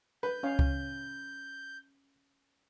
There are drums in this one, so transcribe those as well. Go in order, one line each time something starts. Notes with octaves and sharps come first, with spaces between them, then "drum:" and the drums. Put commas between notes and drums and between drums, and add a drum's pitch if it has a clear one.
B4 G6
C#4 C#5 F5
drum: kick C#2